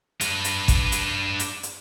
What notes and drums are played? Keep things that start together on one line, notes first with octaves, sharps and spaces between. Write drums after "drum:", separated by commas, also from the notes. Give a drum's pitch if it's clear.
D4 B4, drum: hi-hat
drum: hi-hat
drum: kick, hi-hat
drum: hi-hat
drum: hi-hat
drum: hi-hat